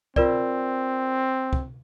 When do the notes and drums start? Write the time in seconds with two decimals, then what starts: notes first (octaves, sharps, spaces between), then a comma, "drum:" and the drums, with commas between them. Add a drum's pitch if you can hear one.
0.16 C4 F4 A#4 D5, drum: kick
1.53 drum: kick